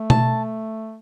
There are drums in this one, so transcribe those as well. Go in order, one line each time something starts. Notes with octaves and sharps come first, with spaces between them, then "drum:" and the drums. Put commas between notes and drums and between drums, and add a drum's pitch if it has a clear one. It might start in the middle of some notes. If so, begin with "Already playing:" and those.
Already playing: A3
A5, drum: tom B2